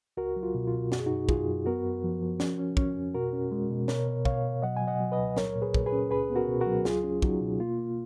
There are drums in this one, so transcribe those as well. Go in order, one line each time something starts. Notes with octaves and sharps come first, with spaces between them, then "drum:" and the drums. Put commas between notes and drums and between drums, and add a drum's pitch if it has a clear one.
C#2 F#4 A#4
F#3
F4
B2
F4
B2
F#2 F#4, drum: snare
G#4
F#2 D#4 F#4
F#2 F4 G#4, drum: kick
F#2
B3 F#4 A#4
F#2
F3
F3
C#4, drum: snare
C#4
C#4, drum: kick
F2
B2 F#4 A#4
C#4
G#3
B2
B2 A#4 C#5, drum: snare
B2
B2 C#5 F5, drum: kick
B2
F#3 D#5 F#5
F#3 G#5
D#5 F#5
F#3
B4 D#5
C#2
A#2 A#4 C#5, drum: snare
A#2
G#4 B4
A#2, drum: kick
G#4 B4
C#4
C#2 G#4 B4
B3
F#4 A#4
B2
F#4 A#4
F#3
C#2 F4 G#4, drum: snare
C#4
F#3 D#4 F#4, drum: kick
B2
A#3 F4
A#3